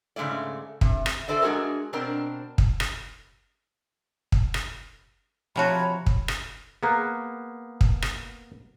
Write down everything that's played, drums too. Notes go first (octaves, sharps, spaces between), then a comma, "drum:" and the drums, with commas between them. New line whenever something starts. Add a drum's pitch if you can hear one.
G#2 C#3 E3 G#3 A3 D5
C3, drum: kick
drum: rim click
F#4 G4 A4 C5 D5 E5
G#3 D4 F#4 G#4 A#4
B2 C4 D4 A#4
drum: kick
drum: rim click
drum: kick
drum: rim click
C3 F3 F#4 C#5 A#5 B5
drum: kick
drum: rim click
A#3 B3 G#4 A#5 F#6
drum: kick
drum: rim click